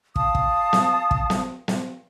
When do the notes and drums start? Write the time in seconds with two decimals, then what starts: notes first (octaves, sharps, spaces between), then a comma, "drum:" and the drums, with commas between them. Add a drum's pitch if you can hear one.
0.16 F5 A5 D#6, drum: kick
0.35 drum: kick
0.73 drum: snare
1.11 drum: kick
1.30 drum: snare
1.68 drum: snare